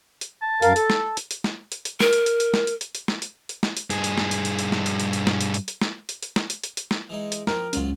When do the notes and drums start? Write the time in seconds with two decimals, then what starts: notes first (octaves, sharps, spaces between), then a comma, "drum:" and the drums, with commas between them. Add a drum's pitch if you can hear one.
0.21 drum: hi-hat
0.42 A5
0.62 F#2 A#4 F5, drum: hi-hat
0.76 A4, drum: hi-hat
0.90 drum: snare
1.17 drum: hi-hat
1.31 drum: hi-hat
1.44 drum: snare
1.72 drum: hi-hat
1.85 drum: hi-hat
2.00 A#4, drum: snare
2.13 drum: hi-hat
2.26 drum: hi-hat
2.40 drum: hi-hat
2.54 drum: snare
2.67 drum: hi-hat
2.81 drum: hi-hat
2.95 drum: hi-hat
3.08 drum: snare
3.22 drum: hi-hat
3.49 drum: hi-hat
3.63 drum: snare
3.77 drum: hi-hat
3.90 G2 G#4, drum: hi-hat
4.04 drum: hi-hat
4.18 drum: snare
4.31 drum: hi-hat
4.45 drum: hi-hat
4.59 drum: hi-hat
4.72 drum: snare
4.86 drum: hi-hat
5.00 drum: hi-hat
5.13 drum: hi-hat
5.27 drum: snare
5.41 drum: hi-hat
5.54 drum: hi-hat
5.68 drum: hi-hat
5.82 drum: snare
6.09 drum: hi-hat
6.23 drum: hi-hat
6.36 drum: snare
6.50 drum: hi-hat
6.63 drum: hi-hat
6.77 drum: hi-hat
6.91 drum: snare
7.09 E3 G#3 D#4
7.32 drum: hi-hat
7.47 F3 C4 A#4, drum: snare
7.73 C#2 G#2 F#3 C#4 F4, drum: hi-hat